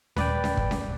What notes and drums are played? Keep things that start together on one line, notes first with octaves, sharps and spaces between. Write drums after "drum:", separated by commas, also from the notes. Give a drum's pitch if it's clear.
D#1 B4 D5 G5, drum: snare C#4
drum: snare C#4
drum: kick
drum: snare C#4